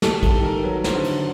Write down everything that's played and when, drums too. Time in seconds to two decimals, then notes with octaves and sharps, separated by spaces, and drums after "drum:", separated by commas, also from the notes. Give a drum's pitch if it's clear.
0.02 G3 A4, drum: snare
0.23 A4, drum: kick, cymbal
0.34 D#3
0.43 A#4
0.64 F#3 B4
0.84 C5, drum: snare
0.95 D3
1.04 drum: cymbal